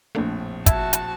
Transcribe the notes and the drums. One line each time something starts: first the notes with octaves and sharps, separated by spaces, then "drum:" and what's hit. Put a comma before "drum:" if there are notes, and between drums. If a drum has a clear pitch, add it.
A#1 F2 A2 A3 A#3 D4
F#4 E5 A5 G#6, drum: kick, hi-hat
drum: hi-hat